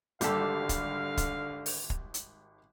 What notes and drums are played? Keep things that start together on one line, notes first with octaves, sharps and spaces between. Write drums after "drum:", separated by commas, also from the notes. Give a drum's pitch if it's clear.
G#1 D3 G3 G4 A4 F5, drum: hi-hat
drum: kick, hi-hat
drum: kick, hi-hat
drum: open hi-hat
drum: kick
drum: hi-hat